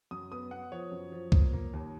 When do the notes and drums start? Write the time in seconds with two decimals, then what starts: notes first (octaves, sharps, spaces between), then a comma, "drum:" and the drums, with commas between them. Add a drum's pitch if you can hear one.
0.11 F#2 D#6
0.32 B3 D#6
0.51 B3 F#5
0.72 F3 C#5
0.91 F#2
1.12 F3
1.32 A#3, drum: kick
1.53 A#3
1.73 D#2